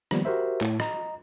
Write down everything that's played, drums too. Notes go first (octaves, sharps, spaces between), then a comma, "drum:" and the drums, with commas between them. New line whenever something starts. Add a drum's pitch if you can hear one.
D#3 F3 G3 A#3 B3, drum: rim click
F#4 G4 A#4 C5 E5
A2, drum: clap
D#5 A#5, drum: rim click